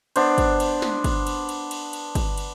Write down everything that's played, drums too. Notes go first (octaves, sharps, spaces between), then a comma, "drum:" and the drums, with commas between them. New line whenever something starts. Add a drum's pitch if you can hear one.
B3 D4 C5, drum: cymbal
drum: kick, cymbal
drum: cymbal
drum: snare
drum: kick, cymbal
drum: cymbal
drum: cymbal
drum: cymbal
drum: cymbal
drum: kick, cymbal
drum: cymbal